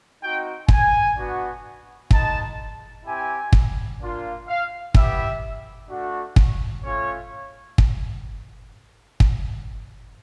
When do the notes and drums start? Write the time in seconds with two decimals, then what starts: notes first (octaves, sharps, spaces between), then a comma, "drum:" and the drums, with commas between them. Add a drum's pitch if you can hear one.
0.21 C4 D#4 F#4 G5
0.68 G#5, drum: kick
1.16 B3 D4 F#4
2.11 G#3 B3 D#4 A5, drum: kick
3.05 C4 E4 G4 G#5
3.53 drum: kick
4.00 A#3 D4 F4
4.47 F5
4.94 B3 E4 G4 E5, drum: kick
5.89 A3 D4 F#4
6.36 drum: kick
6.83 A3 C#4 F4 C#5
7.78 drum: kick
9.20 drum: kick